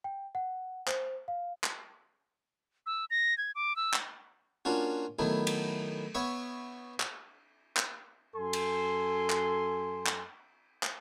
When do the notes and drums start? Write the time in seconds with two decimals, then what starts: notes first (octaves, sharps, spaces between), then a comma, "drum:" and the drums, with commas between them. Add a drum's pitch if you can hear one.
0.04 G5
0.35 F#5
0.88 C5, drum: clap
1.28 F5
1.64 drum: clap
2.86 E6
3.10 A#6
3.38 G#6
3.55 D6
3.76 E6
3.94 drum: clap
4.65 A#3 C#4 D4 F4 F#4
5.19 D#3 F#3 A3 B3 E4
5.47 drum: cymbal
6.15 B3 C#5 E5 C#6
7.00 drum: clap
7.77 drum: clap
8.35 F#2 A4 G#5 C6
8.53 drum: cymbal
9.30 drum: clap
10.06 drum: clap
10.83 drum: clap